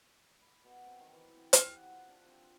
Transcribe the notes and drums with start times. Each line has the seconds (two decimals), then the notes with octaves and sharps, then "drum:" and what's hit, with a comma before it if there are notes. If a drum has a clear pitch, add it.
0.42 B5
0.64 B2
0.86 C4
1.00 D#3
1.13 E3
1.37 C4
1.53 G4, drum: hi-hat
1.76 F#5
1.92 F4
2.09 D4
2.26 C4
2.42 F4